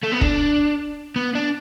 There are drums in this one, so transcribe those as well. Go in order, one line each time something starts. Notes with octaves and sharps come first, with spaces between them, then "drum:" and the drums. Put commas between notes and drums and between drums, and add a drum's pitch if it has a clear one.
A3
B3
D4, drum: kick
B3
D4